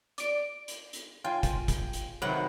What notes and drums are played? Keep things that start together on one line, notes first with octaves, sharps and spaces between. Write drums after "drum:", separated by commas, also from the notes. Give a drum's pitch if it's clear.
D5 D7, drum: hi-hat
drum: hi-hat
drum: hi-hat
F4 G5 G#5
drum: kick, hi-hat
drum: kick, hi-hat
drum: hi-hat
C3 D#3 F#3 B4 F#5